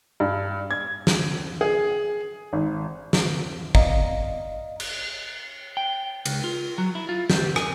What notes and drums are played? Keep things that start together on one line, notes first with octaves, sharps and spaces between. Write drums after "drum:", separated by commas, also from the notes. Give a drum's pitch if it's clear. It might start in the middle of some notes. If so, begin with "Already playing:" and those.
G2
G#6
drum: snare
G#4
G#1
drum: snare
D5 D#5 F5 A#5, drum: kick
drum: cymbal
G5
C#2, drum: cymbal
F4
F#3
E4
F4
G4, drum: snare
G#5, drum: rim click